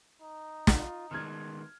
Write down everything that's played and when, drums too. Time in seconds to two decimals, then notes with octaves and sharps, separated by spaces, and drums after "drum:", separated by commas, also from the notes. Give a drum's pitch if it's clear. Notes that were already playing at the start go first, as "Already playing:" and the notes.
0.22 D#4
0.67 F4, drum: snare
1.11 D#3 G#3 B3 C6 F6 G#6